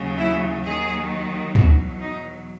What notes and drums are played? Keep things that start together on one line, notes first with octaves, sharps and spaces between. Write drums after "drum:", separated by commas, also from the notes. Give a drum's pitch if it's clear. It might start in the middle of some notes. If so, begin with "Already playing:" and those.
Already playing: D#2 C#3 F#3
E4
D#2 D#3 F#3 G#4
E2 B2 F#3 F#4, drum: tom
D#4